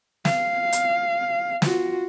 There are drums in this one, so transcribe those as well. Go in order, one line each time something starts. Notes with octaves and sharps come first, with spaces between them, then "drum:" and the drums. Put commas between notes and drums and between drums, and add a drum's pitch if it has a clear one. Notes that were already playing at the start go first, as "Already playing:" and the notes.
F5, drum: snare
drum: hi-hat
F4 F#4, drum: snare